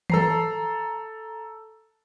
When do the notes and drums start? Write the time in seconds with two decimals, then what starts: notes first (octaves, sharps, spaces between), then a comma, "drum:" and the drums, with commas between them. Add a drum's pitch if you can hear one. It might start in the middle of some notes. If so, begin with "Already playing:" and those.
0.10 A4 A#5 C7, drum: tom D#3